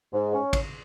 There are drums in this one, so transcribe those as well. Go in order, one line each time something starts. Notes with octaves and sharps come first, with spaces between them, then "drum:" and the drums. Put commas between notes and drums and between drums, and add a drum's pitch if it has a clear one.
G#2
C#4
drum: kick, cymbal